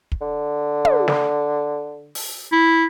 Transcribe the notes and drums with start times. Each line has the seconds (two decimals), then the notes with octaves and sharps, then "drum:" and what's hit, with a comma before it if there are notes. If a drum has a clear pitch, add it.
0.12 drum: kick
0.21 D3
0.85 drum: tom
1.08 drum: snare
2.15 drum: open hi-hat
2.52 E4